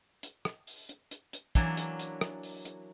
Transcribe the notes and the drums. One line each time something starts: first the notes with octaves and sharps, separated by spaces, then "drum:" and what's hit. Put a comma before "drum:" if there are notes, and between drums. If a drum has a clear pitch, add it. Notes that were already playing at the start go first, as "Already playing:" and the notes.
drum: hi-hat
drum: rim click
drum: open hi-hat
drum: hi-hat
drum: hi-hat
drum: hi-hat
E3 F#3 A#3 D4, drum: kick, hi-hat
drum: hi-hat
drum: hi-hat
drum: rim click
drum: open hi-hat
drum: hi-hat